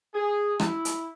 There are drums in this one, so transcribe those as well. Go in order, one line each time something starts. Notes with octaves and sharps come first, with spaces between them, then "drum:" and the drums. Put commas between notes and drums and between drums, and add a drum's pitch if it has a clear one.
G#4
E4, drum: rim click
drum: hi-hat